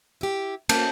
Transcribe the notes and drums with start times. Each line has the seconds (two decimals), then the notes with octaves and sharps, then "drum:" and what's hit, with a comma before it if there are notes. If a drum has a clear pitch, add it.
0.21 E4 G4
0.69 A#3 C#4 A5 G6, drum: cymbal